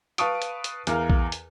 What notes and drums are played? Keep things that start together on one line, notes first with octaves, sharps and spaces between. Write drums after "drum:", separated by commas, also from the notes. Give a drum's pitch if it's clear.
B4 F5 A5 C#6 D#6 D7, drum: hi-hat
drum: hi-hat
drum: hi-hat
E2 A#4 F5, drum: hi-hat
drum: kick A#1
drum: hi-hat